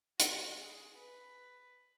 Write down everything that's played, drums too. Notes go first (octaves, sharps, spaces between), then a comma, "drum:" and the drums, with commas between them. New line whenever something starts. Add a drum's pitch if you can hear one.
F#4, drum: hi-hat
G#4
B4